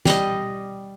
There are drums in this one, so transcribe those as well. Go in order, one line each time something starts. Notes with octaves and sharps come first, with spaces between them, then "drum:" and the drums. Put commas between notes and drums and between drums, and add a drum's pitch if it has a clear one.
G3 D#5, drum: snare